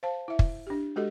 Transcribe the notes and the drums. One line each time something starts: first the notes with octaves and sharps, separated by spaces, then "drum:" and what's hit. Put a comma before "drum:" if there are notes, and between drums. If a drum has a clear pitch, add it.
C5 F5 A5
E4 E5
drum: kick
D4 G4
G#3 F#4 G4 A4 D#5